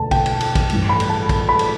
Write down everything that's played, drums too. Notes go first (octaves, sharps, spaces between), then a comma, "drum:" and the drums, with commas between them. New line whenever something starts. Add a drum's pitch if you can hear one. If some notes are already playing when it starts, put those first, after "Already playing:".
Already playing: E1 D2 D3 A5
G5, drum: kick, cymbal
drum: cymbal
drum: cymbal
drum: kick, cymbal
A1 G2 E3, drum: cymbal
B5
drum: cymbal
A5
B5, drum: kick, cymbal
B5
drum: cymbal